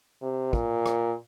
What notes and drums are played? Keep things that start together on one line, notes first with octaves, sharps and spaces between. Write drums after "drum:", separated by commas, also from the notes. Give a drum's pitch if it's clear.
C3
A#2, drum: kick
drum: rim click